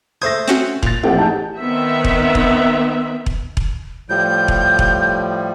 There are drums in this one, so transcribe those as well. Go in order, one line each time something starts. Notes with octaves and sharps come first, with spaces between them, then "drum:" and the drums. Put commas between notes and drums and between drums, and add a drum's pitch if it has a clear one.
A3 C5 D#6 G6 G#6 A#6
C4 C#4 F#4
A#2 A6 F7, drum: kick E1
A1 F3 A3 C4 G4 F#5 G5
D#4 G4 G#4 A5 G6
D#3 B3 C4 E5
drum: kick E1
drum: kick E1
drum: kick E1
drum: kick E1
A2 F3 G3 G6
drum: kick E1
drum: kick E1